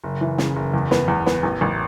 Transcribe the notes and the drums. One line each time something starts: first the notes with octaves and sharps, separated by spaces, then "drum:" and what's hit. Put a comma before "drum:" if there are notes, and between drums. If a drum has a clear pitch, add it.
F#1
E3
C#3, drum: snare
F#1
E2
B3, drum: snare
E2
B3, drum: snare
A1
A1